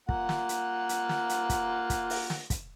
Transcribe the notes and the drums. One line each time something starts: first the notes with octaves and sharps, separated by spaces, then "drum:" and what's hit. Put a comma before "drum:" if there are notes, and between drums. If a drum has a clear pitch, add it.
A#3 F4 F#5, drum: kick
drum: snare
drum: hi-hat
drum: hi-hat
drum: snare
drum: hi-hat
drum: kick, hi-hat
drum: kick, hi-hat
drum: open hi-hat
drum: snare
drum: kick, hi-hat